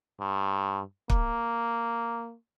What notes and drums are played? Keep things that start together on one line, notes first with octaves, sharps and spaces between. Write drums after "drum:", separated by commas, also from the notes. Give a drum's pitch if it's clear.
G2
A#3, drum: kick